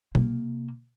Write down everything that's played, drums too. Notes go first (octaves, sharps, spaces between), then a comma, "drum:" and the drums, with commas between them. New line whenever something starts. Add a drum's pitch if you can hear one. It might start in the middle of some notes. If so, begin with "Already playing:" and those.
C3 A#3, drum: tom B2